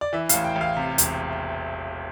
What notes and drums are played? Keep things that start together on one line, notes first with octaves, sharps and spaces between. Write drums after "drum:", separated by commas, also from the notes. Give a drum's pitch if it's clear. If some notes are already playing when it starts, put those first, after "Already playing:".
D5
E3 E5
F5, drum: hi-hat
A1
G5
A1
F5
C3
E1, drum: hi-hat